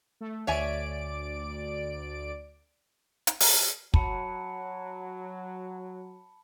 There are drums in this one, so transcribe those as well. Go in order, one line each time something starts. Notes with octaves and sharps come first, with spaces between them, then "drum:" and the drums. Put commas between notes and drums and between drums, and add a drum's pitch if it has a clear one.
A3
D2 C#5 D5 E5 G#5 D7
drum: hi-hat
drum: open hi-hat
F#3 A5 B5 C#7, drum: kick